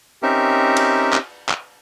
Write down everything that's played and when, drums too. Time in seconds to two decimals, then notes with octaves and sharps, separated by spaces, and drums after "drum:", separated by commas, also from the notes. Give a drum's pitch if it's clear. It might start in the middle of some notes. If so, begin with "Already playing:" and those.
0.23 C4 C#4 D#4 G4 A#4 E5
0.77 drum: cymbal
1.13 drum: clap
1.49 drum: clap